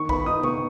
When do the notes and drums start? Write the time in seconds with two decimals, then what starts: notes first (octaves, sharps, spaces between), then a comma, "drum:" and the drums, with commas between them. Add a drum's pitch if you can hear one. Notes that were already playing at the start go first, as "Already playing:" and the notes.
Already playing: D#3 C#6
0.09 B3 B5, drum: kick
0.26 D#4 D#6
0.43 B3 C#6, drum: tom C3